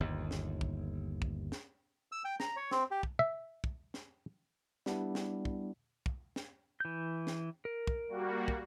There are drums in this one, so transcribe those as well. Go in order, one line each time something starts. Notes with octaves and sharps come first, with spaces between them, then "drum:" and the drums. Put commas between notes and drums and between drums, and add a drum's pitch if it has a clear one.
G1 D#2
drum: snare
drum: kick
drum: kick
drum: snare
E6
G5
A#5, drum: snare
C#5
C4, drum: snare
G4
drum: kick
E5
drum: kick
drum: snare
G3 B3 D4 E4, drum: snare
drum: snare
drum: kick
drum: kick
drum: snare
E3 G6
drum: snare
A#4
drum: kick
G3 A#3 F#4
drum: kick